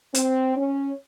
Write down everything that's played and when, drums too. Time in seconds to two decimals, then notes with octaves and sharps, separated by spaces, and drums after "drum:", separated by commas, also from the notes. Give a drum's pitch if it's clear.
0.14 C4, drum: hi-hat
0.56 C#4